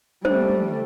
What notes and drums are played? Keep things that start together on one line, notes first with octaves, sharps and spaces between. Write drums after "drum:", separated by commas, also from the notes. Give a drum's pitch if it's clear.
G3 A3 C5, drum: tom